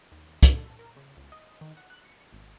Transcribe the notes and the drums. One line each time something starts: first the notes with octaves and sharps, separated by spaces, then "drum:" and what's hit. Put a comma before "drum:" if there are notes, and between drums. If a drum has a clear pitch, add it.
D#2
C#4, drum: kick, hi-hat
A4
A#4
C#3
C#2
D#5
D#3
F#5
F#6
C#7
G#1